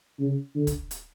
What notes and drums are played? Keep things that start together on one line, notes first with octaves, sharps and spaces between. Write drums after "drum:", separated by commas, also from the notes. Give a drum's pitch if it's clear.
C#3
D3
drum: kick, hi-hat
drum: hi-hat